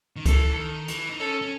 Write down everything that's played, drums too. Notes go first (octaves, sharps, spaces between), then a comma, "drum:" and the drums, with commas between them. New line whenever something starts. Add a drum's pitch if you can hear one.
D#3
E3 A4, drum: kick C#2, hi-hat
D#3
E3, drum: hi-hat
D#4
C#4 A4
C#4